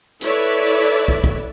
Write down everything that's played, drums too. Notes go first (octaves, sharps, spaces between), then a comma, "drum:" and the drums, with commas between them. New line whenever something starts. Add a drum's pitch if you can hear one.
E4 A4 B4 C#5 D5 E5, drum: hi-hat
drum: kick
drum: kick